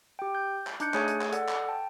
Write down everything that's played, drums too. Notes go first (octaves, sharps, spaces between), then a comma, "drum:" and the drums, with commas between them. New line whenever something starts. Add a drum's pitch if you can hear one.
G4 G5
G6
drum: clap
D4 D#4 D6 F#6 G6 C#7, drum: hi-hat
A3 G#4 C#5 G#5, drum: clap
drum: hi-hat
drum: clap
A4 D5 F#5, drum: hi-hat
drum: clap
G5 A5